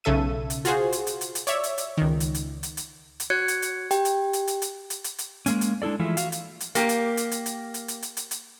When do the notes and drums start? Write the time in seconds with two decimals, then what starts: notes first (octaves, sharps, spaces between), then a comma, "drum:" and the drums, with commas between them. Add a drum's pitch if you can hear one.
0.04 B1 C#3 A4 E5 D#7
0.50 drum: hi-hat
0.65 F4 F#4 G#4 C5, drum: hi-hat
0.92 drum: hi-hat
1.07 drum: hi-hat
1.21 drum: hi-hat
1.35 drum: hi-hat
1.47 C#5 D5 E5, drum: hi-hat
1.63 drum: hi-hat
1.78 drum: hi-hat
1.97 C#2 D#3
2.20 drum: hi-hat
2.34 drum: hi-hat
2.63 drum: hi-hat
2.77 drum: hi-hat
3.20 drum: hi-hat
3.30 F#4 C#5 F#6 G#6 C#7
3.48 drum: hi-hat
3.62 drum: hi-hat
3.91 G4 G5, drum: hi-hat
4.05 drum: hi-hat
4.33 drum: hi-hat
4.47 drum: hi-hat
4.62 drum: hi-hat
4.90 drum: hi-hat
5.04 drum: hi-hat
5.18 drum: hi-hat
5.46 G#3 A#3 C#4, drum: hi-hat
5.61 drum: hi-hat
5.82 G#3 D4 E4 A4 D5
5.99 E3 F3 G#3 A3 E4 F4
6.17 F#4 F5, drum: hi-hat
6.32 drum: hi-hat
6.60 drum: hi-hat
6.75 A#3 G4, drum: hi-hat
6.89 drum: hi-hat
7.17 drum: hi-hat
7.31 drum: hi-hat
7.46 drum: hi-hat
7.74 drum: hi-hat
7.88 drum: hi-hat
8.02 drum: hi-hat
8.17 drum: hi-hat
8.31 drum: hi-hat